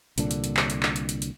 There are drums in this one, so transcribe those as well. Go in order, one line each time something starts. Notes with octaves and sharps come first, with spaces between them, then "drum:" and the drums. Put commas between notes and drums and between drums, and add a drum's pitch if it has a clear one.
C2 A#2 D3 D4, drum: hi-hat
drum: hi-hat
drum: hi-hat
drum: clap
drum: hi-hat
drum: clap
drum: hi-hat
drum: hi-hat
drum: hi-hat